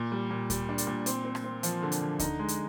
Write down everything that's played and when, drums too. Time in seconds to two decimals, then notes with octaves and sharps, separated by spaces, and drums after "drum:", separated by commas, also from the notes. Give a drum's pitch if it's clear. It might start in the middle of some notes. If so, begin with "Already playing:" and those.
Already playing: A#2
0.12 G3
0.31 A#2
0.50 G3, drum: kick D2, hi-hat
0.69 D4
0.78 drum: hi-hat
0.87 A#2
1.06 C4, drum: hi-hat
1.25 C4
1.35 drum: rim click
1.44 C4
1.63 F3, drum: hi-hat
1.83 D3
1.92 drum: hi-hat
2.01 D3
2.19 D#4, drum: kick D2, hi-hat
2.39 G#3
2.48 drum: hi-hat